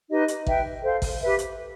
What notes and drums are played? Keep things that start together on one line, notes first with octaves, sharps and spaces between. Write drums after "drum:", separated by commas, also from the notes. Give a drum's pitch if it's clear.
D#4 G4 B4 D#5
drum: hi-hat
B4 E5 G5, drum: kick A1
A4 C5 F5
drum: kick A1, open hi-hat
G4 B4 E5
drum: hi-hat